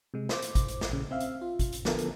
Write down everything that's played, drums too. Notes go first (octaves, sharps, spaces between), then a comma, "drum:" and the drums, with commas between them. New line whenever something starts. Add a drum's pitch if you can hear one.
C3 G#3
C5 D6, drum: snare
drum: hi-hat
drum: kick, hi-hat
drum: hi-hat
drum: snare
A#1 C#3
C4 E5 F5
drum: hi-hat
F4
drum: kick, hi-hat
drum: hi-hat
D3 F3 B3 A4 A#4, drum: snare
drum: hi-hat